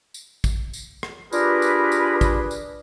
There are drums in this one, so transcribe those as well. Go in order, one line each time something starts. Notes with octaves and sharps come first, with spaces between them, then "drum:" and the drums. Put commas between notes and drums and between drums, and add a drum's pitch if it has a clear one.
drum: tambourine
drum: kick, tambourine
drum: tambourine
drum: rim click
D4 F4 G4 G#4 A#4 B4, drum: tambourine
drum: tambourine
drum: tambourine
drum: kick, tambourine
drum: tambourine